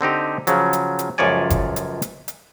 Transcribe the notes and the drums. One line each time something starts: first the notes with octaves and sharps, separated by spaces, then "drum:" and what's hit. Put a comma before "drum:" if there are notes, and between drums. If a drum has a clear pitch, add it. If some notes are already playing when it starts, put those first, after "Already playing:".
D3 C4 D#4 G4
C#3 F3 F#3, drum: hi-hat
drum: hi-hat
drum: hi-hat
C#2 F#2 F3 C#5 D5 G#5
drum: kick F#1, hi-hat
drum: hi-hat
drum: hi-hat
drum: hi-hat